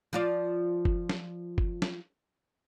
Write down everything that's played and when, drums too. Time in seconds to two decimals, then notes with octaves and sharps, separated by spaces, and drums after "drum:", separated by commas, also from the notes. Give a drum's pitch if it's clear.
0.13 F3 F4 D5
0.85 drum: kick
1.09 drum: snare
1.58 drum: kick
1.82 drum: snare